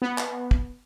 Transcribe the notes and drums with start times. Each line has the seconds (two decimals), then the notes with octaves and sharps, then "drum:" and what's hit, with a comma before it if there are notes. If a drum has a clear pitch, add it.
0.02 B3
0.18 drum: clap
0.51 drum: kick